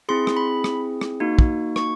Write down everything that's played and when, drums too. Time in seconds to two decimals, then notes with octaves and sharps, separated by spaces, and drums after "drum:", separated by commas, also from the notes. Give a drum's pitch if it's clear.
0.09 C4 E4 G#4 C6
0.27 drum: rim click
0.37 B5
0.64 drum: rim click
1.01 drum: rim click
1.20 A#3 D#4 F#4
1.39 drum: kick
1.76 C#6, drum: rim click